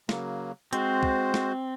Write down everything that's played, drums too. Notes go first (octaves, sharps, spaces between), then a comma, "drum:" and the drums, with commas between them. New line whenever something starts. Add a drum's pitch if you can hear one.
C#3 F#3 A#3, drum: snare
G#3 C4 F#4 C5, drum: hi-hat
drum: kick
drum: snare